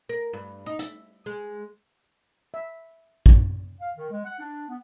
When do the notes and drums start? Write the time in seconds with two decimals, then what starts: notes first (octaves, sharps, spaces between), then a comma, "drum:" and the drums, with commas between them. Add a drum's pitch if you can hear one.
0.09 A#4
0.33 G2
0.66 D#4
0.79 E5, drum: hi-hat
1.26 G#3
2.54 E5
3.26 drum: kick
3.81 F5
3.96 D#3
4.11 G#3
4.25 F#5
4.39 D4
4.69 B3